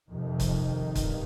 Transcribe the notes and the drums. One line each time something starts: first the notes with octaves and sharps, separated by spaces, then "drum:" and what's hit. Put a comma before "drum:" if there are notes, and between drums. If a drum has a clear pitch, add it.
F2 C3 D#3
drum: kick, hi-hat
G2, drum: kick, hi-hat